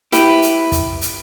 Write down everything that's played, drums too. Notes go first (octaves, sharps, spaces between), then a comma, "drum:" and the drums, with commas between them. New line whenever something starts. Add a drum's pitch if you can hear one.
E4 G4 B4, drum: hi-hat
drum: hi-hat
drum: kick, hi-hat
drum: hi-hat